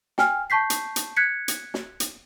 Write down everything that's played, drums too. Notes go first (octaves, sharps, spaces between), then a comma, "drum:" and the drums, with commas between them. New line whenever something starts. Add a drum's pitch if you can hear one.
G5 G#5 F6, drum: snare
A5 C#6 G6 B6 C7
drum: hi-hat
drum: hi-hat
F#6 G#6 B6 C#7
drum: hi-hat
drum: snare
drum: hi-hat